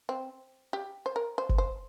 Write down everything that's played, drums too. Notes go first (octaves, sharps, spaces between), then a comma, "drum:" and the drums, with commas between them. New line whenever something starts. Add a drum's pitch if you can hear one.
C4
G4
C5
A#4
C5
drum: kick
C5